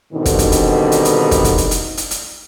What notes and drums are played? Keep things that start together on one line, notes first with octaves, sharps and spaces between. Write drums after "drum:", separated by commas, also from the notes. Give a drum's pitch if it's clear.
G2 B2 D3 D#3 C4 D#4
drum: kick, hi-hat
drum: kick, hi-hat
drum: hi-hat
drum: hi-hat
drum: hi-hat
drum: kick, hi-hat
drum: kick, hi-hat
drum: hi-hat
drum: hi-hat
drum: hi-hat
drum: hi-hat